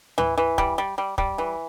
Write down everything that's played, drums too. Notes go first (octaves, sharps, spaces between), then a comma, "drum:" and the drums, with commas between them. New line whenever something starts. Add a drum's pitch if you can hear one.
E3, drum: tom
E3
G3, drum: kick
G3
G3
G3, drum: kick
E3